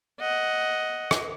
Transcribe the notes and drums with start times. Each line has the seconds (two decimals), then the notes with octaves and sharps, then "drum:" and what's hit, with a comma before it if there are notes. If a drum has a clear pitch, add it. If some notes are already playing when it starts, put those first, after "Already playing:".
0.20 D#5 F#5
1.11 drum: rim click